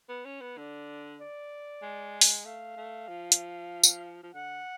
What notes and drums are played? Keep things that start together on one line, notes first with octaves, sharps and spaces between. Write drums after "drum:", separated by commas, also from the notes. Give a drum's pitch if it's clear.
B3
C#4
B3
D3 D5
D5
G#3
drum: open hi-hat
A3 F5
A3
F3
drum: hi-hat
drum: tambourine
F3
D3 F#5